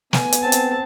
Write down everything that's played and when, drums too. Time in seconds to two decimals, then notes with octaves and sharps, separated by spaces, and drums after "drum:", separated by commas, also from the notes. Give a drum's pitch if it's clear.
0.13 B3 G#5, drum: snare
0.32 drum: hi-hat
0.42 C4 A5
0.52 drum: hi-hat